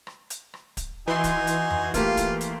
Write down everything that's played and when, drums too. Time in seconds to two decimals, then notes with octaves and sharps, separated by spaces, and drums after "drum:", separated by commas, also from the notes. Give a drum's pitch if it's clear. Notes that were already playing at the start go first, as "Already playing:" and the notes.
0.07 drum: rim click
0.30 drum: hi-hat
0.54 drum: rim click
0.77 drum: kick, hi-hat
1.08 E3 D#4 F#4 G#5 C6
1.24 drum: kick, hi-hat
1.47 drum: hi-hat
1.70 drum: tom F2
1.94 A3 A#3 F4 G4, drum: kick, hi-hat
2.17 drum: kick, hi-hat
2.41 drum: hi-hat